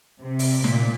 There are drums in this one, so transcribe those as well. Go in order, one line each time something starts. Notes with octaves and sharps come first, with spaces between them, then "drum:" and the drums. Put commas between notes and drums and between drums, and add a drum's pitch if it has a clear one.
C3
drum: open hi-hat
A#2, drum: snare